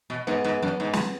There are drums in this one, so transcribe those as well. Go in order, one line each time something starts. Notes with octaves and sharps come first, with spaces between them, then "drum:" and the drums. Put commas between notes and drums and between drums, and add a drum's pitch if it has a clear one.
B2
G#2 B3
G#2
F#2
G#2
drum: snare